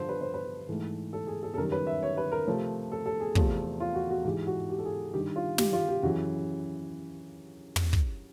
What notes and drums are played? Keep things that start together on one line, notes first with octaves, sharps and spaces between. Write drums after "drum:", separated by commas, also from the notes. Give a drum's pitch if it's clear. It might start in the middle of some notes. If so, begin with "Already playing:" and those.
Already playing: G2 D3 F3 C5
B4
C5
B4
G#2 E3 A3
A4
G#4
A4
A4
F#2 D#3 G3 A#4
B4
E5
C#5
B4
A#4
C3 F3 A3
A4
A4
G#4
E2 C3 F3 A3, drum: kick
F4
F#4
F#4
G#2 E3 G#3 G4
F#4
G4
A4
G#4
G2 D#3 G3 G4
F4
G4, drum: snare
F4
G4
F#2 C#3 E3 F#4
drum: tom
drum: kick